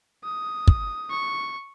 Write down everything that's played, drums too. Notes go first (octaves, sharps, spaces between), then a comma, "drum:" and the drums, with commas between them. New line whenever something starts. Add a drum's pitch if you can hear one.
D#6
drum: kick
C#6